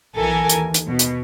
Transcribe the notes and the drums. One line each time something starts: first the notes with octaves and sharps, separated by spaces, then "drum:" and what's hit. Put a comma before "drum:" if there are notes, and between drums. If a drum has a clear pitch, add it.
B1 E3 A4 A#4 G#5
D#2, drum: hi-hat
drum: hi-hat
B2
drum: hi-hat